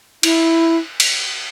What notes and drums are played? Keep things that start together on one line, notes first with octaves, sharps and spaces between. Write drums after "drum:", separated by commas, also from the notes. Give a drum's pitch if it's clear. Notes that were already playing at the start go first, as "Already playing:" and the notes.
E4, drum: cymbal
drum: cymbal